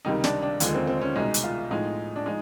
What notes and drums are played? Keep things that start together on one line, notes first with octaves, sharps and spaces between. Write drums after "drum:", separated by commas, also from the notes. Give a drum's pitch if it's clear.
C#2 C3 D#3 G3 D#4
D4, drum: snare
D4
D#2 D3 F3 G#3, drum: hi-hat
C4
C4
C#4
C2 B2 G#3 D#4
drum: hi-hat
F4
A2 F3 G#3 D#4
D4
F3 G#3 D#4